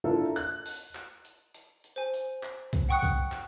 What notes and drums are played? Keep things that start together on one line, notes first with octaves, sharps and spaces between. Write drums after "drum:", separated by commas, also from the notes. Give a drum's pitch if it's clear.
D4 E4 F4 A4 A#4
F#6, drum: hi-hat
drum: open hi-hat
drum: clap
drum: hi-hat
drum: hi-hat
drum: hi-hat
C5 G#5
drum: hi-hat
drum: clap
drum: kick C2, hi-hat
F#5 G5 C#6 D#6 F#6 C#7
drum: kick C2, hi-hat
drum: clap